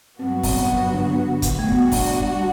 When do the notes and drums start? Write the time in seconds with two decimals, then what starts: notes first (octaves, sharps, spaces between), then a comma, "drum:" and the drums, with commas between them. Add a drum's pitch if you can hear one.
0.19 G2 F#3 B3 C4 F#4
0.43 drum: kick, open hi-hat
0.93 D3 D4
1.42 drum: kick, hi-hat
1.59 A3
1.67 G3 B3 D4 F#4
1.92 drum: kick, open hi-hat